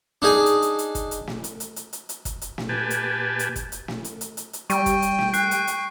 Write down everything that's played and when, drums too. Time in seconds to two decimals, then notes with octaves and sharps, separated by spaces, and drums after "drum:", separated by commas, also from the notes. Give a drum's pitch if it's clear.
0.22 D4 D#4 G#4 G#5
0.46 drum: hi-hat
0.62 drum: hi-hat
0.79 drum: hi-hat
0.95 drum: kick, hi-hat
1.11 drum: hi-hat
1.27 drum: snare
1.44 drum: hi-hat
1.60 drum: hi-hat
1.76 drum: hi-hat
1.93 drum: hi-hat
2.09 drum: hi-hat
2.25 drum: kick, hi-hat
2.42 drum: hi-hat
2.58 drum: snare
2.69 A#2 G4 B4 G#5 A5
2.90 drum: hi-hat
3.39 drum: hi-hat
3.56 drum: kick, hi-hat
3.72 drum: hi-hat
3.88 drum: snare
4.04 drum: hi-hat
4.21 drum: hi-hat
4.37 drum: hi-hat
4.53 drum: hi-hat
4.70 G3 G5 C#6, drum: hi-hat
4.86 drum: kick, hi-hat
5.02 drum: hi-hat
5.19 drum: snare
5.33 F#6 C7, drum: hi-hat
5.51 drum: hi-hat
5.67 drum: hi-hat